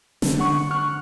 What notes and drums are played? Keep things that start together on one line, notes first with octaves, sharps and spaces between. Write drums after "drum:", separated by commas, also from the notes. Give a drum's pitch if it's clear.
D3, drum: snare
F#5 C#6
C#6 F6 F#6